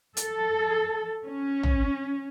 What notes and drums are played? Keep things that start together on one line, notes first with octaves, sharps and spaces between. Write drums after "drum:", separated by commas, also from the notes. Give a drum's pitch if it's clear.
A4, drum: hi-hat
C#4
drum: tom